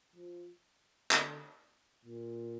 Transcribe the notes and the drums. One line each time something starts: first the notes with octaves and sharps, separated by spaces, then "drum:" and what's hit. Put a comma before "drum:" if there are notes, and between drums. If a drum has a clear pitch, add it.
F3
D3, drum: clap
A#2